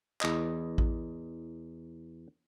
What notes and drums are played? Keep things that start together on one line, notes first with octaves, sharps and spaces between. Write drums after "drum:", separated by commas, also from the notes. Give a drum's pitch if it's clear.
E2 D#5, drum: clap
drum: kick A1